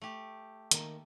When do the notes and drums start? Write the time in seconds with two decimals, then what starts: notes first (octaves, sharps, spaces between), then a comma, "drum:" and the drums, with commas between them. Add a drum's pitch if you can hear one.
0.02 A3 G4
0.71 D#3 A#3 A#5, drum: hi-hat